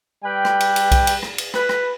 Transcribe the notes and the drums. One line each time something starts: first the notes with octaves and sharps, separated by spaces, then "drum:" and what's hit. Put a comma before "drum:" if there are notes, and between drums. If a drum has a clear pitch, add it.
G3 B4 G5
drum: rim click
drum: cymbal
drum: cymbal
drum: kick B1, cymbal
drum: cymbal
drum: rim click
drum: cymbal
B4, drum: rim click
drum: rim click